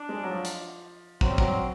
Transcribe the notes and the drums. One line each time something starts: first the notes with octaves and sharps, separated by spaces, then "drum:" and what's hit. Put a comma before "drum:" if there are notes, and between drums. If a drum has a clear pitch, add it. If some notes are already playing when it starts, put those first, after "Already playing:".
Already playing: D4
G#3
G3
F#3
F3
drum: hi-hat
F#3 C4, drum: kick
G3
F#3, drum: kick